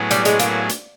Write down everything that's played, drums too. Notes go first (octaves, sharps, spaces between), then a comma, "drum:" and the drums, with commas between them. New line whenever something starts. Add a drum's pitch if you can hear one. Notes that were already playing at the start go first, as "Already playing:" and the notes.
Already playing: A2 F#3 B3 E4 G#4
G3, drum: hi-hat
G#3, drum: hi-hat
A#3, drum: hi-hat
drum: hi-hat